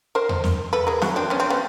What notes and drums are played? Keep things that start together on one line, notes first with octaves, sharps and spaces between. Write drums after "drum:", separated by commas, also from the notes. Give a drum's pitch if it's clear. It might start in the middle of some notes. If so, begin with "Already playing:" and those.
A#4 C5
drum: tom E2
drum: snare
A4 B4
G#4 A#4
F#4 G#4, drum: snare
C4 D4
B3 C#4
C4
B3 C#4